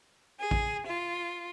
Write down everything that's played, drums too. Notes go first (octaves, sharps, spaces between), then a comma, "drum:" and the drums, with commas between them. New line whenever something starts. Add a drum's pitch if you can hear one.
G#4
drum: kick
F4